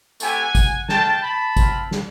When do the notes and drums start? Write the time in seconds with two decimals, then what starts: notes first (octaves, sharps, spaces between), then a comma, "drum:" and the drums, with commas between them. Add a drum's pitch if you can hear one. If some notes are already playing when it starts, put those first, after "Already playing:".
0.20 A3 C4 E4 G4 F#5 G#5, drum: tambourine
0.55 drum: kick, tambourine
0.89 A3 D4 F4 G5 A5, drum: snare
1.22 A5 B5
1.57 C4 F4, drum: kick, tambourine
1.91 drum: snare